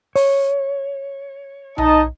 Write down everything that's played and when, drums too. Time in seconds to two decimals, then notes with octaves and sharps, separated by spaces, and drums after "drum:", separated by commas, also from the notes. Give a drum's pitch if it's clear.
0.16 C#5, drum: open hi-hat
1.78 D#4 D#5 A5, drum: tom B1